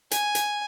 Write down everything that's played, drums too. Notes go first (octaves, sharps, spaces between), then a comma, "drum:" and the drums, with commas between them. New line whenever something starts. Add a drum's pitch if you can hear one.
G#5, drum: hi-hat
drum: hi-hat